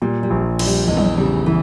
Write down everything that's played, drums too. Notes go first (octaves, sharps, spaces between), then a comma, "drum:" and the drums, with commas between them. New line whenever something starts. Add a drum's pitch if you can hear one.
A#2 G3
G3
A#1
A#1, drum: cymbal
G3
E2 G#3
drum: tom
C#3 G3
E3 G3